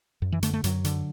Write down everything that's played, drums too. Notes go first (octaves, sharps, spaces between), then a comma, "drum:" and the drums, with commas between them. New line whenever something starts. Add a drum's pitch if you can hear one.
F#2
E3
D3 A3, drum: hi-hat
A3
F#2 F#3, drum: hi-hat
D3, drum: hi-hat